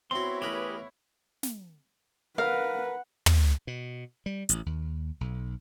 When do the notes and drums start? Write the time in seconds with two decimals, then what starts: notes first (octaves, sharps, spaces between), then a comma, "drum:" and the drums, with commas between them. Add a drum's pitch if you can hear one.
0.11 B3 C4 E4 F#4 C#5 C6
0.42 A1 G4 G#4 A#4 B4 B5
1.43 drum: snare
2.38 A#4 B4 F5 F#5
3.26 drum: tom
3.67 B2
4.26 G3
4.49 A1, drum: hi-hat
4.66 D#2
5.21 B1